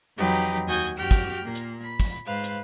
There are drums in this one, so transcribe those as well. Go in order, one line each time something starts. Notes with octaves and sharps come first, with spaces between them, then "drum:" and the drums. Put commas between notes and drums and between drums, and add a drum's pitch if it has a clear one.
F2 E3 F#3 D#4 G4 B4
D#2 F#4 G#5 D#6 G6 G#6
F#2 F#4 G4 G5 F6
drum: kick, hi-hat
A#2 A#3
drum: hi-hat
B5
drum: kick, hi-hat
G#2 B4 C5 F5
drum: hi-hat